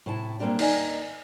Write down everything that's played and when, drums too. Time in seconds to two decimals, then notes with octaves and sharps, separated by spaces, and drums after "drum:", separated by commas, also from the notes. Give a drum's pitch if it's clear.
0.06 A2 C3 E4 A5
0.39 A#2 G3 A#3 C4 D4 G4
0.59 D#2 D#4 D5 D#5 G#5, drum: cymbal